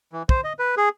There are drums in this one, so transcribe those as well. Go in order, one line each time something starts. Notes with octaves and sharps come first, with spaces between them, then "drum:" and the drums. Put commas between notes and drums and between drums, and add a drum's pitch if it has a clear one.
E3
C5, drum: kick
D#5
B4
G#4